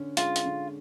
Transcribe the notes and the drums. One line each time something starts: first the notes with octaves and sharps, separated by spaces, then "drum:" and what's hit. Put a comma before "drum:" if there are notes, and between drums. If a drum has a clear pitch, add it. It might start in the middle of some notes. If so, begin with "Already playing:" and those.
Already playing: D3 C#4
G#3 F4, drum: hi-hat
drum: hi-hat
D3